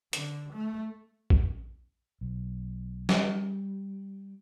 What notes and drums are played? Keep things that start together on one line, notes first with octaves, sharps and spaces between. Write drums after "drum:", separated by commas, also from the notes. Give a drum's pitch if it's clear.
D3, drum: hi-hat
A3
drum: kick A#1
B1
G3, drum: snare